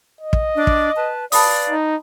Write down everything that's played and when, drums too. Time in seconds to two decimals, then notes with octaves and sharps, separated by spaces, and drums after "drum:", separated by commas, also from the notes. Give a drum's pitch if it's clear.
0.21 D#5
0.33 drum: kick
0.55 D4 D6
0.67 drum: kick
0.95 B4 A5
1.32 B4 D5 F5 A5 B5 D#6, drum: open hi-hat
1.70 D#4